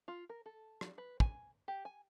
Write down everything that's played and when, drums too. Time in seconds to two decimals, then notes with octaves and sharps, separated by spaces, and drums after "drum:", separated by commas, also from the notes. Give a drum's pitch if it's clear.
0.08 F4
0.29 A#4
0.46 A4
0.81 drum: rim click
0.98 B4
1.20 G#5, drum: kick
1.68 G4
1.85 G#5